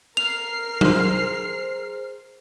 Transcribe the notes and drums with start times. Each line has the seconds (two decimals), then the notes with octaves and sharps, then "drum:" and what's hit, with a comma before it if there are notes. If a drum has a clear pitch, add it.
0.17 A#4 F6 C7 F7
0.81 G#4 C5, drum: tom F#3